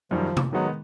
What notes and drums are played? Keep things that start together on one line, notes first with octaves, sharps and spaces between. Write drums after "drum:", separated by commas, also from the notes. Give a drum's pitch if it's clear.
F#2 D#3 F3 G3
drum: tom C3
D#3 F#3 G#3 B3 D#4